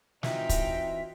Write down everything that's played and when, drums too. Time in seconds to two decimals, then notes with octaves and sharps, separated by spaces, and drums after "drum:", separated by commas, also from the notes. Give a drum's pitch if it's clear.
0.23 E3 C4 D#4 F4 F#4 D#5 E5 G5, drum: snare
0.49 drum: kick, hi-hat